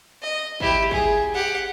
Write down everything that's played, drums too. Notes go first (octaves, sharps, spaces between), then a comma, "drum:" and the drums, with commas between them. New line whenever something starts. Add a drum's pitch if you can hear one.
D#5
E4 G4, drum: kick
G#4, drum: kick
G4 F#5